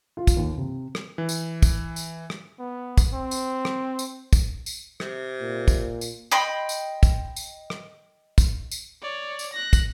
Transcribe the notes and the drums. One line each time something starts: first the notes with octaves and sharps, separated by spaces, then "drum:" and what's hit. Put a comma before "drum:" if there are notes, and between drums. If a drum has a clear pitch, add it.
F4
drum: kick, tambourine
D#2
C3
drum: rim click
E3
drum: tambourine
drum: kick, tambourine
drum: tambourine
drum: rim click
B3
drum: kick, tambourine
C4
drum: tambourine
drum: rim click
drum: tambourine
drum: kick, tambourine
drum: tambourine
C3, drum: rim click
A#2
drum: kick, tambourine
drum: tambourine
D#5 G5 B5 C6
drum: tambourine
drum: kick, tambourine
drum: tambourine
drum: rim click
drum: kick, tambourine
drum: tambourine
C#5 D5
drum: tambourine
F#6 A#6
drum: kick, tambourine